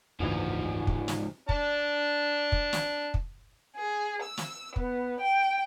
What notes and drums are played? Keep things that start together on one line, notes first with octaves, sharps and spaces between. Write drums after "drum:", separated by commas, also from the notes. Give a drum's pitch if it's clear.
F#1 D2 G#2 E3 F3
drum: kick
drum: snare
D4 A5, drum: kick
drum: kick
drum: snare
drum: kick
G#4
E6
drum: snare
B3, drum: kick
G5